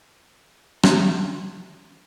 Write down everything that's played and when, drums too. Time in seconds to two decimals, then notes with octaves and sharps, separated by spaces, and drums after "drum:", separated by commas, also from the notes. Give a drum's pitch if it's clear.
0.11 F#2 D#5 F5 G#5 C6 C7
0.83 drum: rim click